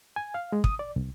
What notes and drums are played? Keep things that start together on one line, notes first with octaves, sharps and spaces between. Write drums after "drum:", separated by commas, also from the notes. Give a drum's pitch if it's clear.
G#5
F5
G#3
D#6, drum: kick
D5
C2